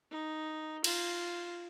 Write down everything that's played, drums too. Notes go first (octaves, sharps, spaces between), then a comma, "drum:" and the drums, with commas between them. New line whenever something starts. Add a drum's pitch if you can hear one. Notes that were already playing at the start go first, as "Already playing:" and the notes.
D#4
F4, drum: cymbal